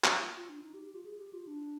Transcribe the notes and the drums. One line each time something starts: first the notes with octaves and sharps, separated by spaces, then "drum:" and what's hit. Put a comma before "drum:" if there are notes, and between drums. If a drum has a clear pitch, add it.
drum: clap
F4
F4
D4
D#4
G4
G4
F4
G#4
G4
F4
D4